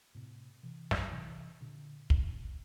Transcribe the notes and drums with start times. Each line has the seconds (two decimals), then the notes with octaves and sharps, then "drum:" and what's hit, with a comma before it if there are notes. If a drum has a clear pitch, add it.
0.15 A2 C3
0.63 C3 E3
0.91 drum: snare
1.12 C3 E3
1.61 A#2 D3
2.10 A2 C3, drum: kick